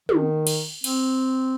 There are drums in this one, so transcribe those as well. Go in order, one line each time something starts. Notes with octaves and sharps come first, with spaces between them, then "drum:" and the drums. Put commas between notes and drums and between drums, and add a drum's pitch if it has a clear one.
D#3, drum: tom
drum: cymbal
C4, drum: cymbal